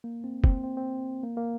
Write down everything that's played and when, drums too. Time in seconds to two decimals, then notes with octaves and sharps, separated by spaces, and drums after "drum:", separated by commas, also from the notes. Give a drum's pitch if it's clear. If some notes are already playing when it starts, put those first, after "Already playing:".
0.04 A#3
0.24 C4
0.44 C4, drum: kick
0.64 C4
0.77 C4
1.23 A#3
1.37 A#3